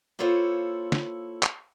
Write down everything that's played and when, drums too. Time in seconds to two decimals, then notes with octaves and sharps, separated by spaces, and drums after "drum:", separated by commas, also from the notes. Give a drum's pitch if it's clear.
0.19 A#3 E4 F4 A4 C5 C#5
0.92 drum: snare
1.43 drum: clap